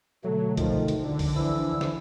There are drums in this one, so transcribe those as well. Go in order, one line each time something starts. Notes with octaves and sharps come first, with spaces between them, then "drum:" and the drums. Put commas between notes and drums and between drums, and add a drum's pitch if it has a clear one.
B2 D3 F#3 A3 A4
D#3 F3, drum: kick C2, hi-hat
drum: hi-hat
D3
drum: kick C2, open hi-hat
E3 F3 E4 E6
drum: snare